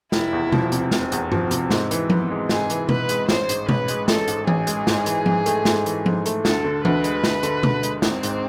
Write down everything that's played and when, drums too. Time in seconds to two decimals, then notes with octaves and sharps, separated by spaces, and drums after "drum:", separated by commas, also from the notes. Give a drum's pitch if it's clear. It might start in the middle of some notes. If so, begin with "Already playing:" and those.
0.12 F1 E4, drum: snare
0.33 E2
0.52 F3, drum: tom B2
0.72 C3, drum: hi-hat
0.91 F1, drum: snare
1.12 E2, drum: hi-hat
1.32 F3, drum: tom G2
1.51 C3, drum: hi-hat
1.70 G#2, drum: snare
1.91 E3, drum: hi-hat
2.10 B3, drum: tom F3
2.30 G#3
2.49 G#2 G#4, drum: snare
2.70 E3, drum: hi-hat
2.89 B3 B4, drum: tom B2
3.09 G#3, drum: hi-hat
3.29 A1 C5, drum: snare
3.49 G#2, drum: hi-hat
3.69 A1 B4, drum: tom B2
3.88 G#3, drum: hi-hat
4.08 A1 A4, drum: snare
4.28 G#2, drum: hi-hat
4.47 A1 G#4, drum: tom E3
4.67 G#3, drum: hi-hat
4.87 G#2, drum: snare
5.06 E3, drum: hi-hat
5.26 G#2, drum: tom F3
5.46 A3, drum: hi-hat
5.65 G#2, drum: snare
5.86 E3, drum: hi-hat
6.06 G#2, drum: tom F3
6.26 A3, drum: hi-hat
6.45 D2 A4, drum: snare
6.64 D3
6.85 D2 B4, drum: tom E3
7.04 G#3, drum: hi-hat
7.24 D2, drum: snare
7.43 D3, drum: hi-hat
7.63 D2, drum: tom B2
7.83 G#3, drum: hi-hat
8.02 G#1 C4, drum: snare
8.23 G#2, drum: hi-hat